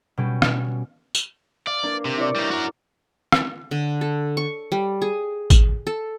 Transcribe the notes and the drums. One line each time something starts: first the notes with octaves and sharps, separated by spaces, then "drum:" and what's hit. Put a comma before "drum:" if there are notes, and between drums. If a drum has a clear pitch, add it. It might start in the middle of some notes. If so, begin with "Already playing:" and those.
B2 G3 C#4 G4
drum: rim click
drum: tambourine
D5 F5
A#3 D4
C3
E4 C#5 D5
G3 D#4
F#4 A#4
drum: rim click
D3
A4
C#6
G3
G#4
drum: kick, tambourine
A4